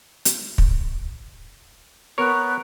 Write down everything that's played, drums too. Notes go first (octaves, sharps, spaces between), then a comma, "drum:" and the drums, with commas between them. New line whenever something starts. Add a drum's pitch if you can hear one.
drum: hi-hat
drum: kick
B3 A#4 C#5